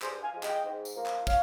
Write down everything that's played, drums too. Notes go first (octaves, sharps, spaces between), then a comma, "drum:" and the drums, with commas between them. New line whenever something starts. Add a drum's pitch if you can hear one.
G2 G#4 C5, drum: clap
F5 G#5
F3 G#3
D#5 G5, drum: clap
G#2
drum: tambourine
F3 A#3
drum: clap
C#5 F5, drum: kick, tambourine